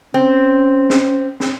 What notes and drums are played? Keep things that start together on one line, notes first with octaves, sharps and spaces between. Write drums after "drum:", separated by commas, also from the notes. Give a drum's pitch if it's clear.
C4 C#4
drum: snare
drum: snare